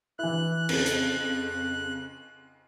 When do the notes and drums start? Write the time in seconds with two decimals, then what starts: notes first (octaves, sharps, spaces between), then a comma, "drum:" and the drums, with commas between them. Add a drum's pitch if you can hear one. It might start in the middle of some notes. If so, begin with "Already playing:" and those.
0.19 E3 E4 F#6
0.69 F2 C#3, drum: cymbal
0.86 drum: hi-hat